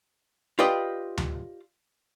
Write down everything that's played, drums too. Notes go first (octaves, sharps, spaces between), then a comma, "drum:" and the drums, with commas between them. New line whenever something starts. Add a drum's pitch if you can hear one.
F4 G4 B4 D5 D#5
drum: tom D2